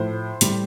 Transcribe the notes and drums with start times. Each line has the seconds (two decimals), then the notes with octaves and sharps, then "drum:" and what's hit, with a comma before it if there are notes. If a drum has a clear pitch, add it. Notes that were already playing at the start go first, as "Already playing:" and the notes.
Already playing: A2 F3 C5
0.41 A2 G3, drum: hi-hat